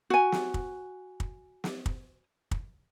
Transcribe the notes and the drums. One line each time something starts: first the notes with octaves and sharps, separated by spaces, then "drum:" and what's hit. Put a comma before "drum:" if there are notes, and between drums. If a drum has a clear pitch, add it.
F#4 G#5
drum: snare
drum: kick
drum: kick
drum: snare
drum: kick
drum: kick